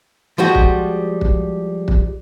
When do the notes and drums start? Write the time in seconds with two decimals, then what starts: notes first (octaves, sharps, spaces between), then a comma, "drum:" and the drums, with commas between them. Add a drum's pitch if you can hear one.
0.38 F3 G3 G#3 F#4
0.55 drum: kick
1.21 drum: kick
1.88 drum: kick